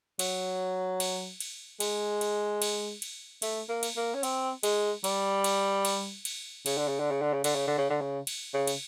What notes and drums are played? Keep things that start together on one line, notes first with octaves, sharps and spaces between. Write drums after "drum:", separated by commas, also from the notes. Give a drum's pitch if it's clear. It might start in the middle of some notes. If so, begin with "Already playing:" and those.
F#3, drum: cymbal
drum: cymbal
drum: cymbal
G#3, drum: cymbal
drum: cymbal
drum: cymbal
drum: cymbal
A3, drum: cymbal
A#3
drum: cymbal
A#3
C#4
C4, drum: cymbal
G#3, drum: cymbal
G3, drum: cymbal
drum: cymbal
drum: cymbal
drum: cymbal
C#3, drum: cymbal
D3
C#3
D3
C#3
D3
C#3
D3, drum: cymbal
C#3
D3
C#3
D3
C#3
drum: cymbal
C#3
drum: cymbal